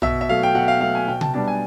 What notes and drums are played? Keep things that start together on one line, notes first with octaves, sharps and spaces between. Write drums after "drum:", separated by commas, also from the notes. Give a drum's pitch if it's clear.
B2 E5, drum: tom A#1
E5
F#3 A3 F5
G5
B2 F#5
F5
F#3 A3 F5
G#5
B2 G5
A5, drum: tom C3
G3 B3 D4 A5
G#5